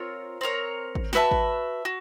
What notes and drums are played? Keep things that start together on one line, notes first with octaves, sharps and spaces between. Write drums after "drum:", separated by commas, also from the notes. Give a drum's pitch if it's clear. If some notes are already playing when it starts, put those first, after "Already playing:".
Already playing: C4 F4 A#4 C#5
C4 F4 A#4 C#5
drum: kick G#1
F#4 B4 E5 A5, drum: snare
drum: kick G#1
F#4